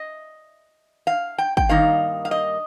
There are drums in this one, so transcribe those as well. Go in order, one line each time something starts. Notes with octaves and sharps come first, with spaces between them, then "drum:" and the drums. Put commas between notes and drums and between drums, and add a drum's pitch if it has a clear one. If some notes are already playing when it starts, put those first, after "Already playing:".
Already playing: D#5
F5
G5
G5, drum: kick
G2 D#3 A#3 D#4 F5
F5
D#5